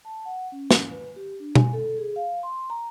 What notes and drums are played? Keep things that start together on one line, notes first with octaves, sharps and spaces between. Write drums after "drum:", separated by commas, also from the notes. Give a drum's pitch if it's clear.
A5
F#5
C#4
drum: snare
B4
G4
D4
G#5, drum: tom B2
A4
G#4
F5
C6
A#5